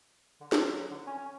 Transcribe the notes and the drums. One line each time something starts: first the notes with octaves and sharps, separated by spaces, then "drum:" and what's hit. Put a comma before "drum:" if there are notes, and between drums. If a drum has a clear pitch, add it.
D3
D3, drum: snare
F3
F#3
D3
C#4
C#4